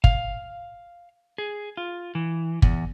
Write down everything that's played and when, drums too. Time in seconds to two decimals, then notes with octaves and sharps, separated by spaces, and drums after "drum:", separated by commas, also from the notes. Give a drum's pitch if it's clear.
0.04 F5, drum: kick
1.38 G#4
1.77 F4
2.15 E3
2.62 E2, drum: kick